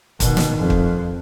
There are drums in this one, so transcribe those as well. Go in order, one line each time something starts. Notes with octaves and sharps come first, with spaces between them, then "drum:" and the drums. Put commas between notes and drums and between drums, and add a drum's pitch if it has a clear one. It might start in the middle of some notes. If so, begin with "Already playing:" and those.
B2 D#3, drum: kick, hi-hat
drum: snare
F2
drum: kick